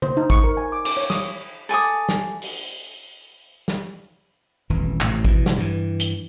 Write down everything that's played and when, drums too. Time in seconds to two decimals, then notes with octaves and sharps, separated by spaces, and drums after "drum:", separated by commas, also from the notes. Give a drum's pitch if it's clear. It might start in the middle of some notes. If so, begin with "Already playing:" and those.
0.02 C5, drum: tom C#3
0.17 D#4
0.30 C#6, drum: kick
0.44 A#4
0.57 G#5
0.72 D6
0.85 D6, drum: cymbal
0.97 C#5
1.10 D#6, drum: snare
1.69 A4 G#5 D6 D#6
2.09 drum: snare
2.42 drum: open hi-hat
3.68 drum: snare
4.69 D#1 G#1 E3
5.01 A1 A2 C3, drum: clap
5.25 B2 E3, drum: kick
5.46 drum: snare
5.58 G2 E3
6.00 drum: hi-hat